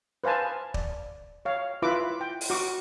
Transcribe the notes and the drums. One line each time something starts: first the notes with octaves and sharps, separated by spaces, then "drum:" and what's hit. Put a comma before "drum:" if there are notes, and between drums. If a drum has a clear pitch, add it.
B4 C5 F5 G#5 A5
D5, drum: kick
C#5 F5
E4 F4 B4 E5 D6
G5
drum: open hi-hat
F#4 D6